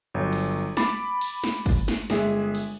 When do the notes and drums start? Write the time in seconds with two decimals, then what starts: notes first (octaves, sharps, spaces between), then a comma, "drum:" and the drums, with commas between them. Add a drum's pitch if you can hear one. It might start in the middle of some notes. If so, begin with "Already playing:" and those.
0.14 G1 F#3
0.32 drum: cymbal
0.77 B5 D6 A6, drum: snare
1.21 drum: cymbal
1.44 drum: snare
1.66 drum: kick, cymbal
1.88 drum: snare
2.10 G1 G#3 G#4 E5, drum: snare
2.55 drum: cymbal